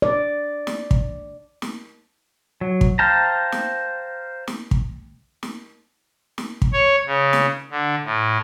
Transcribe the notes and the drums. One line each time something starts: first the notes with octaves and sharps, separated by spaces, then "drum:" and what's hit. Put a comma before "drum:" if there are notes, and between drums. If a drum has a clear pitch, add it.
D5
drum: snare
drum: kick
drum: snare
F#3
drum: kick
C5 F5 G5 A5 A#5
drum: snare
drum: snare
drum: kick
drum: snare
drum: snare
drum: kick
C#5
C#3
drum: snare
D3
A2